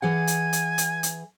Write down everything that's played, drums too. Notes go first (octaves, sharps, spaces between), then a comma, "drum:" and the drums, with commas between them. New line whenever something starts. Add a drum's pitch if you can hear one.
E3 G#4 F#5 G#5
drum: hi-hat
drum: hi-hat
drum: hi-hat
drum: hi-hat